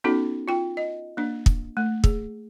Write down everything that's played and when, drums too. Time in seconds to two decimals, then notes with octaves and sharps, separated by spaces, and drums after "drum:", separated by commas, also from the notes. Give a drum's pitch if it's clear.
0.04 B3 C#4 D#4 F#4 A4
0.48 F4 G5
0.77 D#5
1.17 A#3 D4
1.46 drum: kick
1.77 A3
2.04 G#4, drum: kick